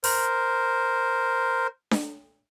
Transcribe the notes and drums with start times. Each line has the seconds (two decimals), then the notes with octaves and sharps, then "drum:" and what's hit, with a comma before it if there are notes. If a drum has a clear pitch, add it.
0.04 A#4 C5, drum: open hi-hat
1.91 drum: snare D4